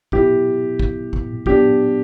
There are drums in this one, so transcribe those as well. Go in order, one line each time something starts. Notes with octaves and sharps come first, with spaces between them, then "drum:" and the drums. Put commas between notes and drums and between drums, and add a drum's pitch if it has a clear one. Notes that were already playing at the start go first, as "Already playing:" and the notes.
B2 F#3 B3 E4 G4, drum: kick A1
drum: kick A1
drum: kick A1
F#3 B3 D4 G4, drum: kick A1